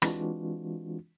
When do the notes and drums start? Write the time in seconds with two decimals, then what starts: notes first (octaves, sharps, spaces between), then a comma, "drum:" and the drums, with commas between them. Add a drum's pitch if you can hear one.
0.02 E3 G#3 C4 D4 F4 F#4, drum: rim click